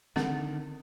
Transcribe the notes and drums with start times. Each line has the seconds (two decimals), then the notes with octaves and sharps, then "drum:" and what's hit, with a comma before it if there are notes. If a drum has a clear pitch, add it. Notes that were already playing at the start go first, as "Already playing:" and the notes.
0.16 D3 D#3 C4 A#4 F#5, drum: snare